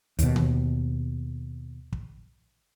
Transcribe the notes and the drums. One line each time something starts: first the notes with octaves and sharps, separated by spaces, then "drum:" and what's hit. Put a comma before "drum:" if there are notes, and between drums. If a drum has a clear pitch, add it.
D#2 B2, drum: hi-hat
drum: tom D3
drum: kick